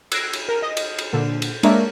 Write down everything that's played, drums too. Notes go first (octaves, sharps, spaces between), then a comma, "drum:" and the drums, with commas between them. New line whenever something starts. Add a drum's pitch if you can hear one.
E6 F#6 G#6 A#6 C7 D7, drum: cymbal
drum: cymbal
A#4
D#5
drum: cymbal
drum: cymbal
A#2 D3
drum: cymbal
G#3 A#3 D4 A#4 C#5 E5, drum: cymbal